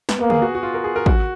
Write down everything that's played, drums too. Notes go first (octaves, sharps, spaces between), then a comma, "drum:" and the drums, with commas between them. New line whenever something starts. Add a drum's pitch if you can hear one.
B3, drum: snare
A#3 B3
G#4, drum: tom D3
F#4
F#4
F4
A#4
G#4
A#4
F#4, drum: kick